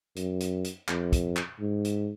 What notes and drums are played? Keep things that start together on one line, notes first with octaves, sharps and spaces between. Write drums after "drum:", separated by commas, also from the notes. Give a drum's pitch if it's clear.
F#2, drum: hi-hat
drum: hi-hat
drum: hi-hat
F2, drum: clap
drum: kick, hi-hat
drum: clap
G#2
drum: hi-hat